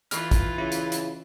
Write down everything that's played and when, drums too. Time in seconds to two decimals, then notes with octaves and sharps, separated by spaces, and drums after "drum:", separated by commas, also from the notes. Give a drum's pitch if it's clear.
0.11 E3 F4 F6, drum: hi-hat
0.31 drum: kick, hi-hat
0.58 C#3 E4
0.72 drum: hi-hat
0.92 drum: hi-hat